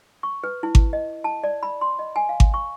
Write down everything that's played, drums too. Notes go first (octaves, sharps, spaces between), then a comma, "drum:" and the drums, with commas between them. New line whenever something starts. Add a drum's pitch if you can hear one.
C#6
B4
E4
drum: kick G#1
D#5
A5
D5
B5
C6
D#5
G#5
F5
drum: kick G#1
C#6